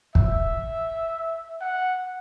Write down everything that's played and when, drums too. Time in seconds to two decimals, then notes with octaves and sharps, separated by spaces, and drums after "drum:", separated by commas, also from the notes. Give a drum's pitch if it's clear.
0.15 E5, drum: kick
1.61 F#5